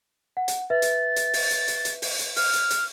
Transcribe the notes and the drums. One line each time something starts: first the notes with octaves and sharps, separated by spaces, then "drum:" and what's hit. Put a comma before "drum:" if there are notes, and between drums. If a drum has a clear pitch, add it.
F#5
drum: hi-hat
B4 E5 A6
drum: hi-hat
drum: hi-hat
drum: open hi-hat
drum: hi-hat
drum: hi-hat
drum: hi-hat
drum: open hi-hat
drum: hi-hat
F6, drum: open hi-hat
drum: hi-hat
drum: hi-hat